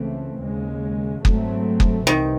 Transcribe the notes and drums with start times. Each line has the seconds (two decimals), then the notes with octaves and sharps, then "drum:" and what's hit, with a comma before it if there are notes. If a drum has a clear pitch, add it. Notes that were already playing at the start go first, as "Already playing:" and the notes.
Already playing: C#2 C#3 E3 A3 C4
0.42 D#2 C#3 G#3
1.25 G#2 F#3 A3 C4, drum: kick F#1
1.80 drum: kick F#1
2.07 C2 C3 D#3 E3 C4